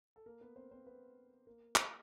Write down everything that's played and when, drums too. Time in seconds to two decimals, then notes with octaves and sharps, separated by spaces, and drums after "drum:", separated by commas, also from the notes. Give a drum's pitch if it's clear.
0.16 A4
0.26 A#3 A#4
0.41 B3 B4
0.56 C4 C5
0.71 C4 C5
0.86 B3 B4
1.47 A#3 A#4
1.75 drum: clap